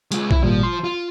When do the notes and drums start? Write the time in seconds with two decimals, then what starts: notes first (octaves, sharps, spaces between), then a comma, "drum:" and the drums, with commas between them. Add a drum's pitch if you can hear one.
0.12 G#3 F4, drum: hi-hat
0.31 E4, drum: kick
0.43 G#1 A#2 F3 G3
0.63 C6
0.84 F4